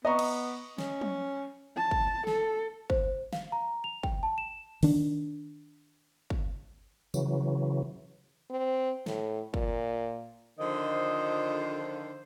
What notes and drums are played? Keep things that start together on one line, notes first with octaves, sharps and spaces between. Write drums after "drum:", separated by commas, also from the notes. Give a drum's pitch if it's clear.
B3 D#5 A#5 C#6
drum: cymbal
C#4, drum: snare
drum: tom
A5
drum: kick
A4, drum: snare
C5, drum: kick
F5, drum: snare
A#5
F7
G5, drum: kick
A5
E7
D#3 D4, drum: open hi-hat
drum: kick
C#3 E3 F#3, drum: tambourine
C4
A2, drum: snare
A#2, drum: kick
D3 D#3 F3 C5 D#5